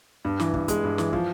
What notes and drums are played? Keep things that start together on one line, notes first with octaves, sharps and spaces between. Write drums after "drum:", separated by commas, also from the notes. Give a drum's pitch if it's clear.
G2
E3, drum: snare
G2, drum: kick
G#3, drum: kick, hi-hat
G2
E3, drum: snare
F3, drum: kick